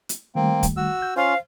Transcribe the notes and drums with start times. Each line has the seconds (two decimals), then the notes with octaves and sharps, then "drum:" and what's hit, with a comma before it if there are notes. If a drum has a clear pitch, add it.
0.09 drum: hi-hat
0.35 D#3 G3 A3 A#3 C4
0.63 drum: kick, hi-hat
0.77 F#4 E6
1.02 G6
1.16 C#4 F4 C5 F5